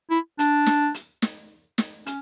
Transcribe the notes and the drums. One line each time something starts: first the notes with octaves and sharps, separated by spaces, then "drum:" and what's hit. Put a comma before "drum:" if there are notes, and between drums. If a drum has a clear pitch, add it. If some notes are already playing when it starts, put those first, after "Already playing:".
E4
D4, drum: hi-hat
drum: snare
drum: hi-hat
drum: snare
drum: snare
C#4, drum: hi-hat